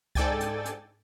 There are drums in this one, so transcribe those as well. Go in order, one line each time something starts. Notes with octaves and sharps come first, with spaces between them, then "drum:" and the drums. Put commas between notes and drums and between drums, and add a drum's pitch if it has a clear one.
G#2 A4 D5 G5 G#5 A6, drum: kick C#2
drum: hi-hat
drum: hi-hat